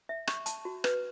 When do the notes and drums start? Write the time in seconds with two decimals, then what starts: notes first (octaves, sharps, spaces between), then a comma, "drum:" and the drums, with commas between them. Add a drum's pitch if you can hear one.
0.09 E5
0.27 C#6, drum: rim click
0.46 A5, drum: hi-hat
0.65 F#4
0.84 B4, drum: rim click